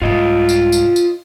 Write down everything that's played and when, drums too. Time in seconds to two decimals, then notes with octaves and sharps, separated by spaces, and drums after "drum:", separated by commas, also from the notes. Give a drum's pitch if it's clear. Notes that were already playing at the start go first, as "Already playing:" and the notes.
0.02 C2 G#2 F4 D#5
0.49 drum: tambourine
0.72 drum: tambourine
0.96 drum: tambourine